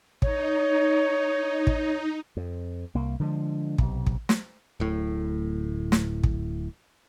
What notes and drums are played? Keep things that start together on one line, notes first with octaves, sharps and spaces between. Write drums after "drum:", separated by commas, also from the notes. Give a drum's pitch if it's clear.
D#4 C#5, drum: kick
drum: kick
F2
C2 A#3
D3 F3 G#3
B1 C3, drum: kick
drum: kick
drum: snare
D1 A2
drum: snare
drum: kick